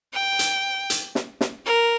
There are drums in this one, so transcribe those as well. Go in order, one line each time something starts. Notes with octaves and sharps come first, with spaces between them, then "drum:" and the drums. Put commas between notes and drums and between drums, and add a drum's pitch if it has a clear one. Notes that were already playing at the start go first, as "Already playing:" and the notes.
G5
drum: hi-hat
drum: hi-hat
drum: snare
drum: snare
A#4